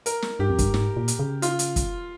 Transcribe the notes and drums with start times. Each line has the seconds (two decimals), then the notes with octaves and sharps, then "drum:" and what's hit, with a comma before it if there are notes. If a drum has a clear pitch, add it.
0.06 A#4, drum: hi-hat
0.22 drum: snare
0.39 G2 G4
0.49 F2
0.59 G2, drum: kick, hi-hat
0.74 G#2, drum: snare
0.97 A#2
1.08 drum: hi-hat
1.19 C#3
1.42 F4, drum: hi-hat
1.59 drum: hi-hat
1.76 drum: kick, hi-hat